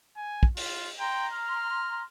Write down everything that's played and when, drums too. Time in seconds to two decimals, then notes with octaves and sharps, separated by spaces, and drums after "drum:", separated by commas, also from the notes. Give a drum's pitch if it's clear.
0.17 G#5
0.43 drum: kick
0.57 F4, drum: open hi-hat
0.99 G5 A#5 C6
1.33 F6